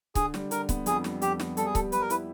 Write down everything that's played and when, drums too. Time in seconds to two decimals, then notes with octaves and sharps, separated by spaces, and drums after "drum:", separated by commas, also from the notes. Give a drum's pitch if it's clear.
0.15 D3 G#4, drum: kick C#1, hi-hat
0.34 G3, drum: snare
0.51 D3 A#4, drum: hi-hat
0.69 B3, drum: kick C#1, hi-hat
0.86 F2 G#4, drum: hi-hat
1.04 G3, drum: snare
1.22 F2 G4, drum: hi-hat
1.39 B3, drum: snare
1.57 G3 A4, drum: hi-hat
1.66 G#4
1.75 G4 A4, drum: kick C#1, hi-hat
1.92 G3 B4, drum: hi-hat
2.01 A#4
2.10 E4 B4, drum: hi-hat